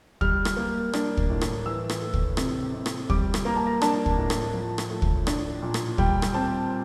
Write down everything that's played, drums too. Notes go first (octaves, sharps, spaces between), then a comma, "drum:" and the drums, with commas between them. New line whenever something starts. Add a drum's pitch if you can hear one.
G3 F6, drum: kick
drum: rim click
A#3
D4, drum: rim click
drum: kick
A2
drum: rim click
E3 E6
drum: rim click
A3
drum: kick
C3, drum: rim click
C3
drum: rim click
G3 D6, drum: kick
drum: rim click
A#3 A#5
A5
A#5
D4 A5, drum: rim click
drum: kick
A2
drum: rim click
F3
drum: rim click
A3
drum: kick
D4, drum: rim click
A#2
drum: rim click
G3 G5, drum: kick
drum: rim click
C4 A5